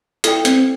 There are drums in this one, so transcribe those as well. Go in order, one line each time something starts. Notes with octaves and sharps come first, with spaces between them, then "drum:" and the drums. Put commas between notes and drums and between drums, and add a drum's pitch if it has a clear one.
E4 A4 D5 G5, drum: hi-hat
C4, drum: hi-hat